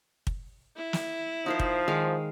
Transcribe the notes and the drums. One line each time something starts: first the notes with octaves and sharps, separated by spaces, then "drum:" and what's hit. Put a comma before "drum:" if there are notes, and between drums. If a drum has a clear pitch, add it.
drum: kick
E4
drum: snare
F3 D#4 A#4 C5
drum: kick
D#3 G#3 F5